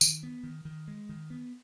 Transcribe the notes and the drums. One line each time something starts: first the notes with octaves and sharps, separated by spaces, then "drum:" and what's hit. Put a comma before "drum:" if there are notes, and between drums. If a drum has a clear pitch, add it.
D#3, drum: tambourine
B3
D#3
D#3
G#3
D#3
B3